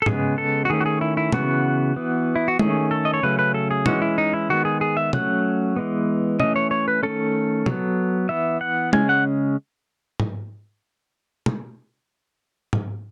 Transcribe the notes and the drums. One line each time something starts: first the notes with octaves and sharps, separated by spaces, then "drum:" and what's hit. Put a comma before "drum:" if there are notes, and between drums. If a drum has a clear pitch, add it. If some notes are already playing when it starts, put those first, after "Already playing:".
A4
C#3 G#3 B3 G#4, drum: tom
A4
F#4
D#3 A3 C#4 G#4
F#4
G#4
E4
E4
C#3 E3 B3 F#4, drum: tom
E3 B3
E4
F#4
D#3 A3 C#4 G#4, drum: tom G#3
A4
D#5
C#5
C#3 F#3 A3 C#4 B4
B4
A4
G#4
E3 G#3 C#4 F#4, drum: tom
E4
D#4
E4
D#3 G#3 B3 F#4
G#4
G#4
E5
F#3 A3 C#4 F#5, drum: tom
E3 G#3 B3
E3 A3 C#4 D#5, drum: tom
C#5
C#5
B4
D#3 A3 C#4 A4
F#3 B3, drum: tom
E3 B3 E5
F#5
C#3 G#3 C#4 G#5, drum: tom G#3
F#5
drum: tom
drum: tom
drum: tom